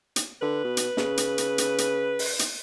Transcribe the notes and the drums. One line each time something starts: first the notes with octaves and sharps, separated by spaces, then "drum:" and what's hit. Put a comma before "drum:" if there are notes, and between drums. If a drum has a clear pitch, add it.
drum: hi-hat
D3 B4
B2
drum: hi-hat
C#3, drum: snare
drum: hi-hat
drum: hi-hat
drum: hi-hat
drum: hi-hat
drum: open hi-hat
drum: hi-hat